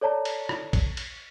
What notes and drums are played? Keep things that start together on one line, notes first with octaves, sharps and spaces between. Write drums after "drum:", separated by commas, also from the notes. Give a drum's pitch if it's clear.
A4 C#5 D5 A5 A#5
drum: cymbal
drum: rim click
drum: kick A1, cymbal
drum: cymbal